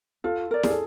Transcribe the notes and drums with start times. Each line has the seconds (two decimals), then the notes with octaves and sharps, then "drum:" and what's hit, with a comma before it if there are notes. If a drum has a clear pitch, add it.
0.24 F4 A4
0.51 A#4 D5
0.63 G#4, drum: snare E4
0.70 A4